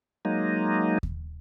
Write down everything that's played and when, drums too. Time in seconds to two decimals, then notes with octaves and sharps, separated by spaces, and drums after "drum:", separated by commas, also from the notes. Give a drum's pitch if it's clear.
0.25 F#3 G#3 A#3 D#4
1.03 drum: kick D#2